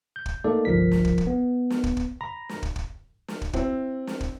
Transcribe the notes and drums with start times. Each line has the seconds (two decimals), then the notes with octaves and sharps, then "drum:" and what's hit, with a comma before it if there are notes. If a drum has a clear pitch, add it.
0.16 G6
0.26 drum: kick
0.44 A3 A#3 D#4 A4 D5
0.65 G1 C2 F3 A#4 B6
0.91 drum: snare
1.05 drum: kick
1.18 drum: kick
1.27 B3
1.70 drum: snare
1.84 drum: kick
1.97 drum: kick
2.21 A#5 B5 A#6
2.49 drum: snare
2.63 drum: kick
2.76 drum: kick
3.28 drum: snare
3.42 drum: kick
3.53 C4 E4, drum: kick
4.07 drum: snare
4.21 drum: kick